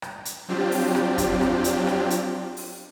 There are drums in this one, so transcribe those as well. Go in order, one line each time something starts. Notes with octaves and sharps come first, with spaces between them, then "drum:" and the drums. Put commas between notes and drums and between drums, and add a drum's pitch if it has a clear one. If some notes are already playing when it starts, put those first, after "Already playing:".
drum: rim click
drum: hi-hat
F#3 C4 D4 F4 G4
drum: open hi-hat
drum: rim click
drum: kick F2, hi-hat
drum: rim click
drum: hi-hat
drum: rim click
drum: hi-hat
drum: open hi-hat